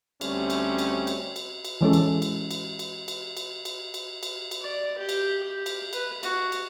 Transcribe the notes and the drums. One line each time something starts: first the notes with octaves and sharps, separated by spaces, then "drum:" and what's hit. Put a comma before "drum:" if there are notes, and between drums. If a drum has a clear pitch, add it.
D2 G3 A3 C4 C#4, drum: cymbal
drum: cymbal
drum: cymbal
drum: cymbal
drum: cymbal
drum: cymbal
E3 G#3 C#4 A4
drum: cymbal
drum: cymbal
drum: cymbal
drum: cymbal
drum: cymbal
drum: cymbal
drum: cymbal
drum: cymbal
drum: cymbal
drum: cymbal
D5
G4
drum: cymbal
G4
drum: cymbal
B4, drum: cymbal
F#4, drum: cymbal
drum: cymbal